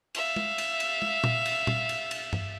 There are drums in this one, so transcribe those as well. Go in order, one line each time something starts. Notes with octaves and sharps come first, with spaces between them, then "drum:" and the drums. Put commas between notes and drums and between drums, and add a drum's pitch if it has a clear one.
E5 F5, drum: cymbal
drum: tom
drum: cymbal
drum: cymbal
drum: tom
drum: tom A#2
drum: cymbal
drum: tom A#2
drum: cymbal
drum: cymbal
drum: tom G2